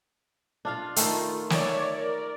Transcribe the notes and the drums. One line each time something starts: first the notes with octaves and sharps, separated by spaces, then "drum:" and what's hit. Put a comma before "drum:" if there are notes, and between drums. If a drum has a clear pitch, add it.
D4 F4 F5
D#3 A3 F4, drum: hi-hat
C#5 D5 E5, drum: snare
A#4 D5